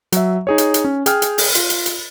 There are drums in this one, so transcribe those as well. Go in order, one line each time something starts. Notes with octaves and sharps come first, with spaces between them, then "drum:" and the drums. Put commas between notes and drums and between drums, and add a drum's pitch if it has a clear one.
F#3 E5, drum: hi-hat
D#4 G#4 C#5
drum: hi-hat
drum: hi-hat
C#4
G#4 G5 F6, drum: hi-hat
drum: hi-hat
drum: open hi-hat
F4, drum: hi-hat
drum: hi-hat
drum: hi-hat